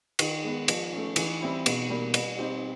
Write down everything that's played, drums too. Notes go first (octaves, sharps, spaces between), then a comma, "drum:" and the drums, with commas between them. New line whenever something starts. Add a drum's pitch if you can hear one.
D#3, drum: cymbal
G#3 B3
F3, drum: cymbal
A3 C#4
E3, drum: cymbal
G3 C4 E4
B2, drum: cymbal
G3 A#3
G3, drum: cymbal
C4 D#4 G4 C5